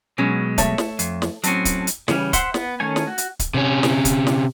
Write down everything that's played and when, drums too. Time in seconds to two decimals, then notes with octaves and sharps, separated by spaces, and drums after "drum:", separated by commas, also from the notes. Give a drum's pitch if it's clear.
0.18 B2 F#3 G#3 C#4 C#5
0.58 A3 C#5 E5, drum: kick, hi-hat
0.78 drum: snare
0.99 F2, drum: hi-hat
1.22 drum: snare
1.44 A2 F#3 C4 C#4, drum: hi-hat
1.65 drum: kick, hi-hat
1.87 drum: hi-hat
2.08 C#3 E3 G3 C#4, drum: snare
2.33 C5 E5 F#5 C6, drum: kick, hi-hat
2.54 B3, drum: snare
2.80 D#3 A3 C#4 C#5 G#5
2.96 drum: snare
3.07 F#4
3.18 drum: hi-hat
3.39 drum: kick, hi-hat
3.54 C3 C#4
3.83 drum: snare
4.05 drum: kick, hi-hat
4.27 drum: snare